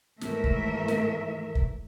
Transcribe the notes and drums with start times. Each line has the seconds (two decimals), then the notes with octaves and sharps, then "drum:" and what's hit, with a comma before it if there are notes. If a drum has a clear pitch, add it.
0.21 D#2 G#2 E3 A3 A#4 E5, drum: snare
0.44 drum: kick
0.88 drum: snare
1.55 drum: kick